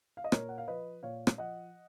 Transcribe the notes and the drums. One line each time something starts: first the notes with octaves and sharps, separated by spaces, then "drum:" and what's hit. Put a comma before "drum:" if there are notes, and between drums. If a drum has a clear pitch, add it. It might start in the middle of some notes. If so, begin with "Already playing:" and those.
F5
D#5
A#2 A#4 C#5, drum: rim click
F#5
F5
F3 B4 D#5
A#2 C#5 F5
drum: rim click
F3 D#5 F#5